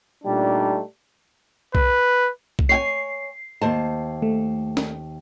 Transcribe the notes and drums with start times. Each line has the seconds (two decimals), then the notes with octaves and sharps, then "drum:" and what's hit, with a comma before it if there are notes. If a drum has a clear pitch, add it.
0.24 A#2 G3 A3 D4 D#4
1.75 B4, drum: kick B1
2.59 drum: kick B1
2.69 C#5 G5 G#5 C7
3.61 D#2 C5 A5
4.22 A3
4.77 drum: snare